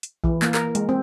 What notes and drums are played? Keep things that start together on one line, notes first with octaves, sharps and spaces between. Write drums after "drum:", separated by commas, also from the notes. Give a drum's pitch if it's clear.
drum: hi-hat
E3, drum: kick A#1
A#3, drum: clap
A#4, drum: clap
G#3, drum: hi-hat
C4